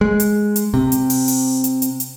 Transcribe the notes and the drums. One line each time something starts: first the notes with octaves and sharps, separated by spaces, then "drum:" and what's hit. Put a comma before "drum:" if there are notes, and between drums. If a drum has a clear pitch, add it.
G#3
drum: hi-hat
drum: hi-hat
C3
drum: hi-hat
drum: open hi-hat
drum: open hi-hat
drum: hi-hat
drum: hi-hat
drum: hi-hat